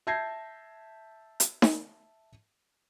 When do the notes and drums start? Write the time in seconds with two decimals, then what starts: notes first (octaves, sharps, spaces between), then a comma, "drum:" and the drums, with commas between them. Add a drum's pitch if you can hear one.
0.07 E5 A5 G6 G#6 A#6 C7
1.40 drum: hi-hat
1.62 drum: snare D#4